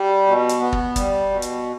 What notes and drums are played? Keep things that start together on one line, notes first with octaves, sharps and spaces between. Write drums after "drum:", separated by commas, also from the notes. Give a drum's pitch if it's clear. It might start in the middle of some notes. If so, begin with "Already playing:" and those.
Already playing: G3
B2
drum: hi-hat
B3
drum: kick
G3, drum: kick, hi-hat
B2
drum: hi-hat